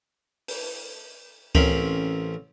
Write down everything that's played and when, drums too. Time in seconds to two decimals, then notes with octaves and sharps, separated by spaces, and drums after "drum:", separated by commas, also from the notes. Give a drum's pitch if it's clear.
0.48 drum: open hi-hat
1.55 A1 C4 C#4 A#4 B5, drum: kick C#2